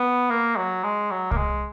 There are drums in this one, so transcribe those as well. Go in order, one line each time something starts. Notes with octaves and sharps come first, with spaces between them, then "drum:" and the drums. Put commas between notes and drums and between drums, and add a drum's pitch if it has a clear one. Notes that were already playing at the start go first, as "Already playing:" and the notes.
Already playing: B3
A#3
F#3
G#3
F#3
A#3, drum: kick C2
G#3